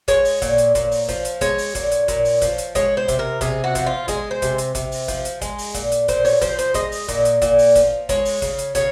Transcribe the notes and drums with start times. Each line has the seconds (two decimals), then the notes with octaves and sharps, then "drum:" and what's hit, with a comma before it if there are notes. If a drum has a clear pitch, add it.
0.08 G#3 C#5, drum: kick, hi-hat
0.25 drum: open hi-hat
0.42 A#2, drum: kick, hi-hat
0.58 drum: hi-hat
0.75 A#2, drum: kick, hi-hat
0.91 drum: open hi-hat
1.09 F3, drum: kick, hi-hat
1.25 drum: hi-hat
1.41 G#3 C#5, drum: kick, hi-hat
1.58 drum: open hi-hat
1.75 A#2, drum: kick, hi-hat
1.92 drum: hi-hat
2.08 A#2, drum: kick, hi-hat
2.25 drum: open hi-hat
2.42 F3, drum: kick, hi-hat
2.58 drum: hi-hat
2.75 G#3 C#5, drum: kick, hi-hat
2.97 C5
3.08 C3, drum: kick, hi-hat
3.19 A#4
3.41 C3 G#4, drum: kick, hi-hat
3.64 F#4
3.75 F3, drum: kick, hi-hat
3.87 F4
4.08 G#3 G#4, drum: kick, hi-hat
4.31 C5
4.42 C3, drum: kick, hi-hat
4.58 drum: hi-hat
4.75 C3, drum: kick, hi-hat
4.92 drum: open hi-hat
5.08 F3, drum: kick, hi-hat
5.25 drum: hi-hat
5.42 G#3, drum: kick, hi-hat
5.58 drum: open hi-hat
5.74 A#2, drum: kick, hi-hat
5.92 drum: hi-hat
6.08 A#2 C5, drum: kick, hi-hat
6.25 C#5, drum: open hi-hat
6.41 F3 C5, drum: kick, hi-hat
6.59 C5, drum: hi-hat
6.74 G#3 D#5, drum: kick, hi-hat
6.92 drum: open hi-hat
7.08 A#2, drum: kick, hi-hat
7.25 drum: hi-hat
7.42 A#2, drum: kick, hi-hat
7.58 drum: open hi-hat
7.75 F3, drum: kick, hi-hat
8.09 G#3 C#5, drum: kick, hi-hat
8.25 drum: open hi-hat
8.42 C#3, drum: kick, hi-hat
8.59 drum: hi-hat
8.75 C#3 C#5, drum: kick, hi-hat